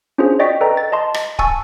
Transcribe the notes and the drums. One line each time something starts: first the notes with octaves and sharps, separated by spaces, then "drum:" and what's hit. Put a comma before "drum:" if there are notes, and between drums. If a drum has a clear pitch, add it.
C#4 D4 F4 F#4 G#4 C5
D5 D#5 G5 C#6 G6 B6
A4 B4 D5 D#5 G5 A#5
A6
D#5 A5 C6
drum: rim click
G#5 A5 C#6 E6 A6, drum: kick C#1